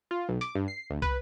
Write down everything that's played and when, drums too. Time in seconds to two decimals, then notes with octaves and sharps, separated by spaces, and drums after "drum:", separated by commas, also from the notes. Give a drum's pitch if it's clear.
0.11 F4
0.29 B1
0.41 D6, drum: hi-hat
0.55 G2
0.68 C7
0.90 D2
1.02 B4, drum: kick, hi-hat